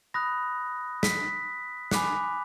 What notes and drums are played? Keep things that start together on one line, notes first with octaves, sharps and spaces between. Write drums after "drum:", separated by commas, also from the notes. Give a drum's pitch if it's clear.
B5 D#6 F#6 A#6
B6, drum: snare
G#5 B5 D6 F#6, drum: snare